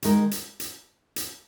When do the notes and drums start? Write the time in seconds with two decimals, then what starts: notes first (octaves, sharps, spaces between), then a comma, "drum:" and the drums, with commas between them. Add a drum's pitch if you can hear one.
0.03 D#3 G#3 D#4 A#4, drum: hi-hat
0.31 drum: hi-hat
0.60 drum: hi-hat
1.16 drum: hi-hat